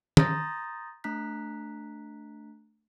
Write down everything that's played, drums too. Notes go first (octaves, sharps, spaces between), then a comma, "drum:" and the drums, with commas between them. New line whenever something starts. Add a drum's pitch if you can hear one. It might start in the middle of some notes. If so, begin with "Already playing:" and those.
A#5 C6 D#6 G6 A6 A#6, drum: tom
A3 D4 A#5 F#6 B6